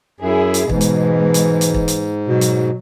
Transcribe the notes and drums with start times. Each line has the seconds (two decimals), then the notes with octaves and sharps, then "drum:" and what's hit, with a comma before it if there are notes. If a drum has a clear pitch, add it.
0.20 F#2 E4 G#4
0.54 drum: hi-hat
0.69 G#2 B2 E3 G#3, drum: kick
0.81 drum: hi-hat
1.34 drum: hi-hat
1.61 drum: hi-hat
1.74 drum: kick
1.88 drum: hi-hat
2.28 B2 F#3
2.41 drum: hi-hat